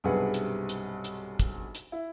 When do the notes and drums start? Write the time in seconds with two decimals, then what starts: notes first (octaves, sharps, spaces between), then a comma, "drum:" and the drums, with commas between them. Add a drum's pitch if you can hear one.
0.04 B1 G2 C3 G#4 B4 F#5
0.34 drum: hi-hat
0.69 drum: hi-hat
1.04 drum: hi-hat
1.40 drum: kick, hi-hat
1.75 drum: hi-hat
1.92 E4